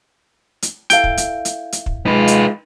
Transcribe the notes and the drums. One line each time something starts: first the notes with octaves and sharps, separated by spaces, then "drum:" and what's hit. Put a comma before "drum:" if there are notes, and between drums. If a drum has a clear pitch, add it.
drum: hi-hat
E4 A4 F5 G5, drum: hi-hat
drum: kick
drum: hi-hat
drum: hi-hat
drum: hi-hat
drum: kick
G#3 D#4 F4 B4
drum: hi-hat